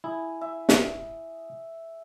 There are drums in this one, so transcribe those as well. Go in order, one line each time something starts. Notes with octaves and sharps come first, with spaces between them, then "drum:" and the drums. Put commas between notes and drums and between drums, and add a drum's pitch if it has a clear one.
E4 G#4
E5
drum: snare